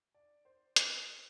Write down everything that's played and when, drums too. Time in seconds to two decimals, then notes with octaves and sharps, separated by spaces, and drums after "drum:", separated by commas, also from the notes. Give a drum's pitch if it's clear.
0.15 D5
0.45 C5
0.76 B4, drum: hi-hat
1.08 G#4